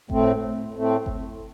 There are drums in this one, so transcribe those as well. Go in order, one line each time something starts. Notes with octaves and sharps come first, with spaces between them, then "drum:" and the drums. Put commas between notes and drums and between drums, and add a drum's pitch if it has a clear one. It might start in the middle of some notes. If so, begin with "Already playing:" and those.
A2 A3 C4, drum: kick G1
A2 A3 C4
drum: kick G1